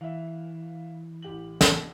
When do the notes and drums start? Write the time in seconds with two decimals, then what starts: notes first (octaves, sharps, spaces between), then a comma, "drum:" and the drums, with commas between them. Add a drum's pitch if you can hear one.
0.01 E3 E5 F5
1.22 A1 G4 F#7
1.61 drum: snare